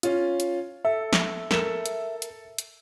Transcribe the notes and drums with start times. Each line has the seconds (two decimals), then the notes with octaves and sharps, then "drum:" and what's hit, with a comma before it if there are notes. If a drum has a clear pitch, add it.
0.03 C#4 F4, drum: hi-hat
0.40 drum: hi-hat
0.85 A4 E5
1.13 drum: snare
1.51 A4 A#4 E7, drum: snare
1.86 drum: hi-hat
2.22 drum: hi-hat
2.58 drum: hi-hat